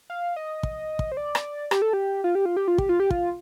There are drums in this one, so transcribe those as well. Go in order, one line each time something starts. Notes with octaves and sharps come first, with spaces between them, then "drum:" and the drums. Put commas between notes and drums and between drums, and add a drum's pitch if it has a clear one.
F5
D#5
drum: kick
drum: kick
C5
D5
drum: rim click
G4, drum: rim click
A4
G4
F4
G4
F4
G4
F4
G4, drum: kick
F4
G4
F4, drum: kick